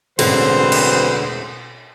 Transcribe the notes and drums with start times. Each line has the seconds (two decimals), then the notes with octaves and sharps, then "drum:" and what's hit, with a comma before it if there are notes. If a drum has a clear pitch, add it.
0.19 E1 A1 D3 F#3 C4 B4 C5, drum: cymbal
0.72 drum: cymbal